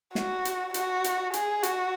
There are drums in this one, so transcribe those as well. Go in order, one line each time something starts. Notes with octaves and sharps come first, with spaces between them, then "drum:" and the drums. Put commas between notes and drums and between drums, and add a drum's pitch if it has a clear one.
F#4, drum: snare
drum: hi-hat
F#4, drum: hi-hat
drum: hi-hat
G#4, drum: hi-hat
F#4, drum: hi-hat